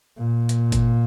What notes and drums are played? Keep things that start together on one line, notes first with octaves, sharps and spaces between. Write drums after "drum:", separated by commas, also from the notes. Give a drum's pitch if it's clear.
A#2
drum: hi-hat
drum: kick G1, hi-hat